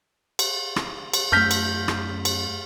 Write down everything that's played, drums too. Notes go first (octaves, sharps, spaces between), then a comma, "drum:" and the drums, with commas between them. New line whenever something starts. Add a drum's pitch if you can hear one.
drum: cymbal
drum: rim click
drum: cymbal
F#2 A3 F6 G6 B6
drum: cymbal
drum: rim click
drum: cymbal